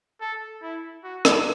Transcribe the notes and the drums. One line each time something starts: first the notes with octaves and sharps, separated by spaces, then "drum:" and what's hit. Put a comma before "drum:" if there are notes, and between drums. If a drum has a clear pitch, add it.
A4
E4
F#4
drum: rim click